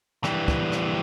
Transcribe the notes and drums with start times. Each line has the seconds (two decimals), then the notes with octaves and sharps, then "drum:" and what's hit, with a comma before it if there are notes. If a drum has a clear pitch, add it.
0.24 E3 G3, drum: rim click
0.48 drum: kick
0.72 drum: rim click